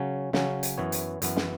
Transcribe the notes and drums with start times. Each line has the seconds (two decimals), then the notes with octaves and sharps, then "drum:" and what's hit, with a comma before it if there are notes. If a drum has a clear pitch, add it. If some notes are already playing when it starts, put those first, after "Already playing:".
Already playing: C#3 F#3 C#4
0.33 C#3 F#3 C#4, drum: snare
0.63 drum: hi-hat
0.78 F#2 E3 B3 C#5
0.92 drum: hi-hat
1.22 F#2 E3 B3, drum: hi-hat
1.36 drum: snare